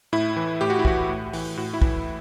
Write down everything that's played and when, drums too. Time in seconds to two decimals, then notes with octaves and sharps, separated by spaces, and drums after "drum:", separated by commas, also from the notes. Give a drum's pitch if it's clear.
0.13 A2 E4
0.36 E3
0.61 A2 G4
0.70 F#4
0.79 E4
0.85 E3 F#4, drum: kick
1.09 A2
1.33 E3, drum: open hi-hat
1.57 A2 F#4
1.74 E4
1.82 E3, drum: kick